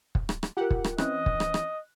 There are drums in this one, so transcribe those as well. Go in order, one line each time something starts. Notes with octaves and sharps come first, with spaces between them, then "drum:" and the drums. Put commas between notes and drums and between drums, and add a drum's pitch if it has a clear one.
drum: kick
drum: rim click
drum: rim click
F4 G4 A#4 F#5
drum: kick
drum: rim click
E3 C4 C#4 D#5 F#6, drum: rim click
drum: kick
drum: rim click
drum: rim click